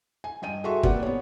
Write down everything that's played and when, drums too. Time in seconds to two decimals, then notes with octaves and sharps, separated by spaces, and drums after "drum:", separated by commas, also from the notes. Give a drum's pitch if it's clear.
0.24 G#5
0.42 G2 D#5 G5 D#7
0.64 F#4 G#4 A4 E5 C6 C#6
0.83 A#3 C4 G4 B4 D5 F#5, drum: kick
1.03 B3 C#5